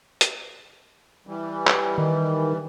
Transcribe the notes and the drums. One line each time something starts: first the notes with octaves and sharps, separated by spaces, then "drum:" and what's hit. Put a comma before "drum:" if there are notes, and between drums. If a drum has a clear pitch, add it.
drum: hi-hat
E3 G3
drum: clap
D#3